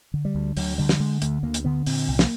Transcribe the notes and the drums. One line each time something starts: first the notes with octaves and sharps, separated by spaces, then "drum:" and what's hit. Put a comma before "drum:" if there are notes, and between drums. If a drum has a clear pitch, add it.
D3
G3
D2
D2 F#3, drum: open hi-hat
D3 G3
drum: snare
D3 G#3
D2 A3, drum: hi-hat
D2 A#3
drum: hi-hat
D3 B3
A#2 C4, drum: open hi-hat
C2
A#3, drum: snare